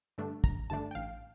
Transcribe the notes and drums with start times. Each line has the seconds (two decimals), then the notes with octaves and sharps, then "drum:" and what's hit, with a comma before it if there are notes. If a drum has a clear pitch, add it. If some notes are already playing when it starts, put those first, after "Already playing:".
0.18 G2 D3 A3 D4
0.44 G1 A#5, drum: kick
0.70 G2 D3 A3 D4 A5
0.91 G5
0.95 A1 F5